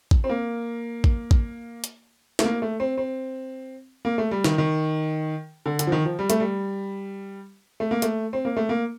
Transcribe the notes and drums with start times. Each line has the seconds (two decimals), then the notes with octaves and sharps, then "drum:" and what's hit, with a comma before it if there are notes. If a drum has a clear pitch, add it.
0.11 drum: kick
0.24 C4
0.29 A#3
1.04 drum: kick
1.31 drum: kick
1.84 drum: hi-hat
2.39 A3, drum: snare
2.44 A#3
2.62 A3
2.80 C4
2.98 C4
4.05 A#3
4.18 A3
4.31 G3
4.44 D#3, drum: snare
4.58 D#3
5.66 D3
5.79 D3, drum: hi-hat
5.87 F3
5.92 D#3
6.05 F3
6.19 G3
6.30 A3, drum: hi-hat
6.40 G3
7.80 A3
7.91 A#3
8.02 A3, drum: hi-hat
8.33 C4
8.45 A#3
8.57 A3
8.69 A#3